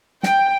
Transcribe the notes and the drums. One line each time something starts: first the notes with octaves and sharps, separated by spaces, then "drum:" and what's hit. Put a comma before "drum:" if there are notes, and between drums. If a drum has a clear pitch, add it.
G5, drum: snare